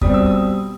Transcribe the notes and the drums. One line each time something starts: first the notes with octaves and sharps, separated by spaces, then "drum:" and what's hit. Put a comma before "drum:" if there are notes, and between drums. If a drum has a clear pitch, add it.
B2 G3 C4 D#6, drum: kick
E6
D#6